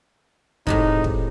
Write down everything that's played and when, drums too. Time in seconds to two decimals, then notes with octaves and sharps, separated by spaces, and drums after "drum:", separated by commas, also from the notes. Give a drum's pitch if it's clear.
0.67 A2 C3 G#3 D#4, drum: kick
1.04 drum: kick